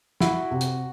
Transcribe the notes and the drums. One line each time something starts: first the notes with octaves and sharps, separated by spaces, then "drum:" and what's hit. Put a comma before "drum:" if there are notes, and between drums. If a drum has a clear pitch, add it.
E4 F#4, drum: snare
C3
drum: hi-hat